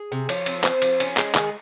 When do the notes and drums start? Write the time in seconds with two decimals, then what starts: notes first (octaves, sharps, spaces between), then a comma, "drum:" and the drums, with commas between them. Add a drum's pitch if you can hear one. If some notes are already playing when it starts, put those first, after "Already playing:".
Already playing: G#4
0.12 C3
0.29 F3 C#5, drum: cymbal
0.46 C4, drum: cymbal
0.64 C4 C5, drum: clap
0.82 F3, drum: cymbal
1.00 C#4, drum: cymbal
1.17 G#3, drum: clap
1.35 D#3 G#4, drum: clap